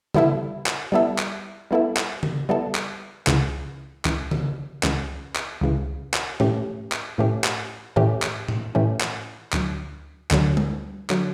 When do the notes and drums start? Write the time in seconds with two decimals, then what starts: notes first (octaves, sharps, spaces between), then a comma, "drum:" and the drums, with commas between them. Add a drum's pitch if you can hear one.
0.14 G3 B3 E4 A4 E5, drum: tom C#3
0.66 drum: clap
0.92 G3 B3 E4 A4 E5
1.19 drum: clap
1.71 G3 B3 E4 A4 E5
1.97 drum: clap
2.23 drum: tom C#3
2.49 G3 B3 E4 A4 E5
2.75 drum: clap
3.27 C#2 C#3 E3, drum: clap
4.05 C#2 C#3 E3, drum: clap
4.31 drum: tom C#3
4.83 C#2 C#3 E3, drum: clap
5.36 drum: clap
5.61 C#2 C#3 E3
6.14 drum: clap
6.40 A2 E3 A3 C#4 G4, drum: tom G#2
6.92 drum: clap
7.18 A2 E3 A3 C#4 G4
7.44 drum: clap
7.96 A2 E3 A3 C#4 G4
8.22 drum: clap
8.48 drum: tom G#2
8.75 A2 E3 A3 C#4 G4
9.01 drum: clap
9.53 D2 D3 F#3, drum: clap
10.31 D2 D3 F#3, drum: clap
10.57 drum: tom G3
11.10 D3 F#3, drum: clap